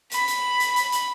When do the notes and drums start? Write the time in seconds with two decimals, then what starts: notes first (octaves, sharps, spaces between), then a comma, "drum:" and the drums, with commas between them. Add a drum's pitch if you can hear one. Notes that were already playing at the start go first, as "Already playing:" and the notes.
0.11 B5, drum: hi-hat
0.28 drum: hi-hat
0.60 drum: hi-hat
0.76 drum: hi-hat
0.92 drum: hi-hat